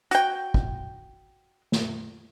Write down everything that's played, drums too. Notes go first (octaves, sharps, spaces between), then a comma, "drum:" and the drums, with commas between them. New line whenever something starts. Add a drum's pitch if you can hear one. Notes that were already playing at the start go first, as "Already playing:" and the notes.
F#4 G5, drum: hi-hat
drum: kick
drum: snare